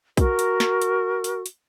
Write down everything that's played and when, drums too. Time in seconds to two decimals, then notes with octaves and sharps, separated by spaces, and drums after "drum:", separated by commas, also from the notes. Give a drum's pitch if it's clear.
0.17 F#4 A#4, drum: kick, hi-hat
0.39 drum: hi-hat
0.60 drum: snare
0.82 drum: hi-hat
1.24 drum: hi-hat
1.46 drum: hi-hat